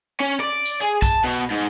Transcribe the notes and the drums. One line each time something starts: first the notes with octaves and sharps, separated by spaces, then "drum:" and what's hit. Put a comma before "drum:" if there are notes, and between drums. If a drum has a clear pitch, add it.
C#4
D5
drum: tambourine
G#4
A5, drum: kick, tambourine
B2
G#2